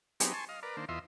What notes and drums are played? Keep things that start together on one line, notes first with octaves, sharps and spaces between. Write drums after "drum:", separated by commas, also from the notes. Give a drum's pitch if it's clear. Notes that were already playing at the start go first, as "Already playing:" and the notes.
F#3 B3 C4 D#4 G4 G#4, drum: hi-hat
G#5 A5 C6 C#6
D#5 F5
A#4 B4 D5
D#3 A#3 D4 C5
E2 F4 D#5 E5 C6